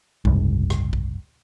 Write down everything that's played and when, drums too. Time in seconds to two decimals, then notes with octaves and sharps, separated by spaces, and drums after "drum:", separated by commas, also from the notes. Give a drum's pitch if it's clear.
0.25 F#1 C2 G#2, drum: kick B1
0.70 drum: rim click
0.93 drum: kick B1